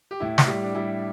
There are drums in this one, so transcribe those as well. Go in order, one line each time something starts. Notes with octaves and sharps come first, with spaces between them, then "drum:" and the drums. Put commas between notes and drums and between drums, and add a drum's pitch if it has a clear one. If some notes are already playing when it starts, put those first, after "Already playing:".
G4
A2 E4
drum: snare
G3
D4
G3 E4